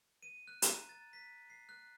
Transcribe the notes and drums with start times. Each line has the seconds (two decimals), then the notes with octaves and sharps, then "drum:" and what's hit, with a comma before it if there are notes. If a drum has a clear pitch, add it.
0.23 D#7
0.47 F#6
0.62 A#5, drum: hi-hat
0.89 A6
1.13 B6
1.50 C7
1.69 F#6